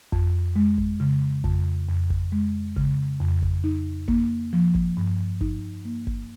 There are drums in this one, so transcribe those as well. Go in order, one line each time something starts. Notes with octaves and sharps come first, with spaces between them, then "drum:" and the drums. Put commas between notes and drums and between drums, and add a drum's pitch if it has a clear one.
F2, drum: kick G1
G#3
drum: kick G1
C#3
F2, drum: kick G1
F2
drum: kick G1
G#3
C#3, drum: kick G1
F2
drum: kick G1
D#4
A#3, drum: kick G1
F3
drum: kick G1
G2
D#4, drum: kick G1
A#3
drum: kick G1